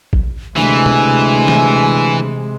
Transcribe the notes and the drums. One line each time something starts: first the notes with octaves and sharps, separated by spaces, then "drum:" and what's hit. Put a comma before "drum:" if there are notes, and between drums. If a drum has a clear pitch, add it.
drum: kick
D2 C3 E3 G#3 G#5
drum: tom
drum: snare